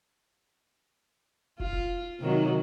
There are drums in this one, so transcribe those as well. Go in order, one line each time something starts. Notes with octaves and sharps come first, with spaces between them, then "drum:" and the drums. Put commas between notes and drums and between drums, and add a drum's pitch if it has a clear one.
F4, drum: kick
drum: kick
C3 D#3 F#3